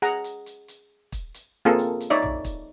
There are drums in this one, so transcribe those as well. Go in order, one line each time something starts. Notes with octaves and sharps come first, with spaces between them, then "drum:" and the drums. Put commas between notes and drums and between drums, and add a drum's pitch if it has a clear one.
G#4 F#5 A#5, drum: hi-hat
drum: hi-hat
drum: hi-hat
drum: hi-hat
drum: kick, hi-hat
drum: hi-hat
A#3 C4 F4 G#4 A4
drum: hi-hat
drum: hi-hat
D#4 C#5 D5 E5
drum: tom B1
drum: kick, hi-hat